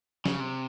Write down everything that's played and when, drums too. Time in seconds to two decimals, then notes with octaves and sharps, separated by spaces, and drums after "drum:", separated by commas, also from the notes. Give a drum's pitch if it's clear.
0.25 C#3, drum: snare
0.40 C3